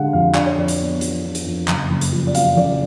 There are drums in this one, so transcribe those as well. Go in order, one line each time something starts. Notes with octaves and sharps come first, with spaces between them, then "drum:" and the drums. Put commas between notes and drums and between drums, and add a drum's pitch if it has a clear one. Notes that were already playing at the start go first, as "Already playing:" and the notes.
Already playing: D3 G#3 D4 F5 F#5
F2 F5
D4 D5, drum: clap
C#5
F2 D5
drum: hi-hat
B3
F3, drum: hi-hat
D4
drum: hi-hat
F2
F#1, drum: clap
F#1
drum: hi-hat
F3
D5
F#2 F5, drum: hi-hat
F#1 D5